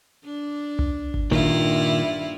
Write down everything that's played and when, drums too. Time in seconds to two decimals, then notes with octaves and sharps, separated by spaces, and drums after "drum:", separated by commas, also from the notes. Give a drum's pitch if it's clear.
0.24 D4
0.79 drum: tom C2
1.14 drum: kick G#1
1.31 G2 A#2 D#3 E4 F4